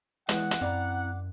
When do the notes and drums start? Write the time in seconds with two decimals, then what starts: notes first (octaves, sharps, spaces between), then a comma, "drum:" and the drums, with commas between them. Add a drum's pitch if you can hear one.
0.29 E2 G#3 G#4 F#5, drum: hi-hat
0.51 drum: hi-hat
0.61 F#2 C4 E4 D5 F5 A#5